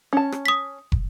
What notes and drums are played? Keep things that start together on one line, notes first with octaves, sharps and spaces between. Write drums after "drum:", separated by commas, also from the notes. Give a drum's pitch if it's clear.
C#4 A5
drum: rim click
D#6 B6
drum: kick